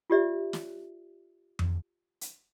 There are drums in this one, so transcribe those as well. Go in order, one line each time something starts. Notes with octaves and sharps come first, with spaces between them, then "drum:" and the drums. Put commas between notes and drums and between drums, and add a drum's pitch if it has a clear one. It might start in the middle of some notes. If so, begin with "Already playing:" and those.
F4 G4 D5 E5
drum: snare
drum: tom F2
drum: hi-hat